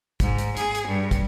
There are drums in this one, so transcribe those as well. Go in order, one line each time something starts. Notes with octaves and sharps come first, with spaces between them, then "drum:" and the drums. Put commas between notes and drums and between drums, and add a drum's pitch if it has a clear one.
G#2, drum: kick, hi-hat
drum: hi-hat
G#4, drum: hi-hat
drum: hi-hat
G2
drum: kick, hi-hat